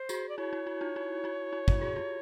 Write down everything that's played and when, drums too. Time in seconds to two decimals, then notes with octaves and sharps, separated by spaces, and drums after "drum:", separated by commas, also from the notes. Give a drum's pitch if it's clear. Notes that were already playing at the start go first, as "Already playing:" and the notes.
Already playing: C5
0.09 F#4 G#4, drum: tambourine
0.29 D5
0.38 E4 F#4 C#5
0.53 E4 F#4
0.66 E4 F#4
0.81 D#4 F4
0.96 E4 F#4
1.24 E4 F#4
1.53 E4 F#4
1.68 E4 F#4, drum: kick
1.81 F#4 G#4
1.96 F4 G4